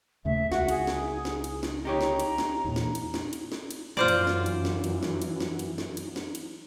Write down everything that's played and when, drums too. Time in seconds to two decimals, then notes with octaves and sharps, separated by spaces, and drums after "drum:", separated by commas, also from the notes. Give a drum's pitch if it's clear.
0.25 D#2 C#3 A3 E5
0.52 C#2 F#4 F#5, drum: snare
0.69 G#4, drum: cymbal
0.87 drum: snare
1.25 drum: snare
1.44 drum: cymbal
1.63 drum: snare
1.85 D#4 G4 C#5 A#5
2.01 drum: snare
2.20 drum: cymbal
2.38 drum: snare
2.64 E2 A#2
2.76 drum: snare
2.95 drum: cymbal
3.14 drum: snare
3.33 drum: cymbal
3.52 drum: snare
3.71 drum: cymbal
3.97 F#2 E3 F4 C5 D5
4.08 drum: cymbal
4.27 drum: snare
4.46 drum: cymbal
4.65 drum: snare
4.84 drum: cymbal
5.03 drum: snare
5.22 drum: cymbal
5.40 drum: snare
5.59 drum: cymbal
5.78 drum: snare
5.97 drum: cymbal
6.16 drum: snare
6.35 drum: cymbal